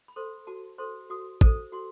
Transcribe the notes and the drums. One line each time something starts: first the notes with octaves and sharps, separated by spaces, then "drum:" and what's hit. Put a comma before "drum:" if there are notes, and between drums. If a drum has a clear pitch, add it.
B5
A4 C5 C6
F#4 A5
A4 C5 C6
F#4 D#6
A4 C5 D#6, drum: kick A1
F#4 C6